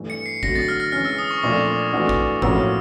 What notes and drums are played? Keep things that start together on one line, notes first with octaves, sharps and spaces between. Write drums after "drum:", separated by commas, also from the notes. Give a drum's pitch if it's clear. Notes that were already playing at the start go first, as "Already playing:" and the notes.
Already playing: G2 E3 A3
C#7
C7
D3 F#3 A3 A#6, drum: kick
A6
F6
F6
E3 G#3 C#4 F6
E6
D#6
C#6
A#2 F3 A3 D4 D6
E3 A3 D4 F#4
drum: kick
A2 F3 A#3 C#4 F#4 E6, drum: kick